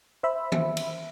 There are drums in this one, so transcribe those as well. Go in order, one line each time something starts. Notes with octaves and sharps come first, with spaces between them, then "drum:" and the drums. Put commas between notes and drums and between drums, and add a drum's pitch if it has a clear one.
C5 E5 B5
drum: tom D#3
drum: cymbal